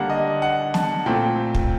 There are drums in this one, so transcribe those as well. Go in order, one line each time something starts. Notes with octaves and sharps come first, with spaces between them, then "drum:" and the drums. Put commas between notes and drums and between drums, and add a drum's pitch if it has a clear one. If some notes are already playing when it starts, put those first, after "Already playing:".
Already playing: D3 G3 A#3 F#5 A5
D#5
F#5
A5, drum: snare
A#2 A3 C4 G5
drum: kick